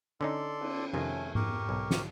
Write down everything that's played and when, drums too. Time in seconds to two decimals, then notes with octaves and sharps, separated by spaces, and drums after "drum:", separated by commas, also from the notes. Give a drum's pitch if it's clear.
0.21 D3 C#4 D#4 A4 D5 C6
0.61 drum: cymbal
0.93 F2 C3 D#3 A3 C#4 G#5
1.35 G4 A#4 C#6, drum: tom G#2
1.69 B1
1.91 drum: snare